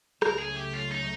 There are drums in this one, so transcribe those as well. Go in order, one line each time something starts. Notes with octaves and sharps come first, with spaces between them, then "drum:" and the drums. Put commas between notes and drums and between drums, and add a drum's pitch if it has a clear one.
C#2 C#3 F#3 A3 C#4 A#4, drum: rim click
G#4
G4
F4
D#4